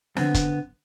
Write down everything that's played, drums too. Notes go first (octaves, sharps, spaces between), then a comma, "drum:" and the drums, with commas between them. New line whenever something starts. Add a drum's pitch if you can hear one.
D3 B3 C4, drum: snare
drum: kick, hi-hat